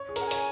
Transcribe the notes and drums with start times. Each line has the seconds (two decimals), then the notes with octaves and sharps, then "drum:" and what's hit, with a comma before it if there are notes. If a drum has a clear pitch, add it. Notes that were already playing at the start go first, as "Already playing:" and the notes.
Already playing: C#5
0.09 G#4
0.16 A#4 F#5, drum: hi-hat
0.26 G#5
0.31 C#5, drum: hi-hat